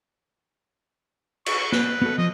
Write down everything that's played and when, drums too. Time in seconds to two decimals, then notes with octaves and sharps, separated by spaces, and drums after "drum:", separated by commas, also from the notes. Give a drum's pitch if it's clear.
1.46 C#6, drum: cymbal
1.58 C#6
1.72 B4, drum: snare
2.02 B3 F#4 A4
2.18 F3 D#5